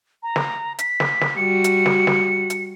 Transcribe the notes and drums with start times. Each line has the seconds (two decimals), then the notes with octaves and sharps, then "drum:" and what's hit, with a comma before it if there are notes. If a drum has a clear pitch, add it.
0.23 A#5
0.36 drum: snare
0.79 B6, drum: hi-hat
1.00 drum: snare
1.21 drum: snare
1.37 G3 F#4 C#7
1.64 drum: hi-hat
1.86 drum: snare
2.07 drum: snare
2.50 drum: hi-hat